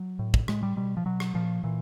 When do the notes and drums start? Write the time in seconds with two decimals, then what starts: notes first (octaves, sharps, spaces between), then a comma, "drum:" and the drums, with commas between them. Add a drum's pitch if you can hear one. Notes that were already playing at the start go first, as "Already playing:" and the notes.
Already playing: F#3
0.19 A2
0.34 drum: kick
0.48 A2 G#3, drum: rim click
0.63 G3
0.77 B2 G3
0.97 F3
1.06 B2 F#3
1.20 drum: rim click
1.34 A#2 F3
1.64 A#2 E3